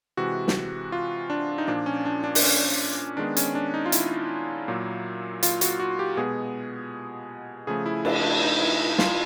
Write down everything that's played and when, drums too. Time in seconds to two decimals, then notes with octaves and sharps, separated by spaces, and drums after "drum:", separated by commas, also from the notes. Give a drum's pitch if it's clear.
0.17 C3 E3 G#3 F#4
0.48 drum: snare
0.92 F4
1.30 D4
1.58 D#4
1.67 A#2 F3 A#3 D4
1.86 C#4
2.05 D4
2.24 D4
2.35 D4, drum: open hi-hat
2.43 C#4
3.17 D#3 G#3 B3 D4
3.37 C#4, drum: hi-hat
3.55 D4
3.74 D#4
3.86 F4
3.92 E4, drum: hi-hat
4.68 A#2 F#3 A#3
5.43 F4, drum: hi-hat
5.61 F#4, drum: hi-hat
5.79 F#4
5.99 G4
6.17 B2 G#3 B3 G#4
7.67 C#3 F3 A3 G#4
7.86 E4
8.05 D4, drum: cymbal
8.23 D4
8.42 D#4
8.61 E4
8.98 F4, drum: snare